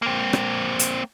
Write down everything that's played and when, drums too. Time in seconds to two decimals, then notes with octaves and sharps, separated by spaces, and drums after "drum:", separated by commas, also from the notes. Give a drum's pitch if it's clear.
0.02 A#3 C4
0.33 drum: rim click
0.79 drum: hi-hat